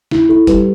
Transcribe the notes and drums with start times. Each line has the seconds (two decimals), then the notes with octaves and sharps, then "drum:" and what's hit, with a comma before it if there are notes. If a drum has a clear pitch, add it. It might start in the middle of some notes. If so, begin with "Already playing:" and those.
0.11 E4, drum: snare
0.29 E4 A4
0.47 G3 B4, drum: kick, hi-hat